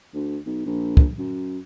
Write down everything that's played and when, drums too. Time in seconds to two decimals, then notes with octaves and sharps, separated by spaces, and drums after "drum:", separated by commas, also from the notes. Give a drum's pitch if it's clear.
0.14 D2
0.46 B1
0.65 A#1
0.97 drum: kick
1.19 F#2